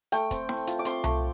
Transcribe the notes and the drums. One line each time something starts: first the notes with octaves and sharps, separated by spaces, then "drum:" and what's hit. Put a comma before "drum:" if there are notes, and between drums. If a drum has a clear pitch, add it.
A3 G5, drum: hi-hat
C4, drum: kick, hi-hat
C4, drum: snare
F4, drum: hi-hat
D6
C4 C6, drum: hi-hat
A3, drum: tom C2